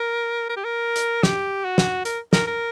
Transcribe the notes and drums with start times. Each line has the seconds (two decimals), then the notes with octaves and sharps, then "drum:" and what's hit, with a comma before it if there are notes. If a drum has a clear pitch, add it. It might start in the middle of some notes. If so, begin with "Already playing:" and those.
Already playing: A#4
0.49 A#4
0.56 G4
0.65 A#4
0.96 drum: hi-hat
1.23 G4, drum: snare
1.65 F#4
1.78 drum: snare
2.05 A#4, drum: hi-hat
2.33 A#4, drum: snare
2.47 A#4